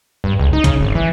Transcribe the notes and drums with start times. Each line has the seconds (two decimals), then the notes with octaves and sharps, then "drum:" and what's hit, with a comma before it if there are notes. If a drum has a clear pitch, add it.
0.24 G2
0.40 C#2
0.53 D#4
0.64 C#3, drum: kick G#1, hi-hat
0.81 G#1
0.95 E3